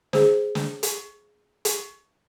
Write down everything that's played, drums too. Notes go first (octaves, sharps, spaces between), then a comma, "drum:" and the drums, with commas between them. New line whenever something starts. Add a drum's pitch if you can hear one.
G#4 C5, drum: snare
drum: snare
drum: hi-hat
drum: hi-hat